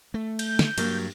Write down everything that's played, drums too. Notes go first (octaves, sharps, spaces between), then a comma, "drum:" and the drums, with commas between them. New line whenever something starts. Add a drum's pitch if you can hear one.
A3
G6, drum: cymbal
drum: snare
G2 F#3 A#3, drum: cymbal